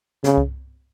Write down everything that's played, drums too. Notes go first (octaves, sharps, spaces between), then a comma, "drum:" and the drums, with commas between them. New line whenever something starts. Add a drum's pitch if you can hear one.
C#3, drum: snare
drum: kick C2